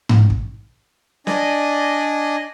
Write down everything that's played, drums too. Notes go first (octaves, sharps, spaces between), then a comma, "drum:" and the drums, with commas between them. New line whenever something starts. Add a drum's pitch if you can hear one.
drum: tom G#2
drum: kick
D4 D5 D#5 G#5, drum: snare